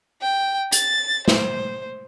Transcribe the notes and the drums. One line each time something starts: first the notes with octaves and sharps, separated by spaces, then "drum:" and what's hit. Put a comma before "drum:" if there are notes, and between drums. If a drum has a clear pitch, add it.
G5
A6, drum: hi-hat
C5, drum: snare